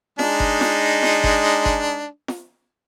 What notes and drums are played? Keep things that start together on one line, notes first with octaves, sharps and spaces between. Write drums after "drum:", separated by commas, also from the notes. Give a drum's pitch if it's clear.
G#3 D4 D#4, drum: snare F4
drum: kick G1
drum: snare F4
drum: snare F4
drum: kick G1
drum: kick G1
drum: snare F4